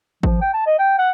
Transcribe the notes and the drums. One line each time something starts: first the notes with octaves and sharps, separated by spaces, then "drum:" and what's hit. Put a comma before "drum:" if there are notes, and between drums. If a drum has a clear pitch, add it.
F3, drum: kick G#1
G5
A5
D#5
G5
F#5